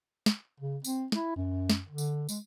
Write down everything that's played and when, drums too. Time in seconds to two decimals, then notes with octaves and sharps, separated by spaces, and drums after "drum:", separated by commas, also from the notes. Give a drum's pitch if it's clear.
0.26 drum: snare
0.60 C#3
0.84 C4, drum: tambourine
1.12 E4, drum: snare
1.36 F#2
1.70 drum: snare
1.89 D3
1.98 drum: tambourine
2.29 G#3, drum: tambourine